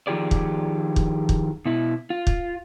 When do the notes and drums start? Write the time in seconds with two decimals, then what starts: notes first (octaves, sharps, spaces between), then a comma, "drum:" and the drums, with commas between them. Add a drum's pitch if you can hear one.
0.07 D#3 F3 F4 G4 G#4 D5
0.31 drum: kick
0.96 drum: kick
1.29 drum: kick
1.65 B2 E4
2.10 F4
2.27 drum: kick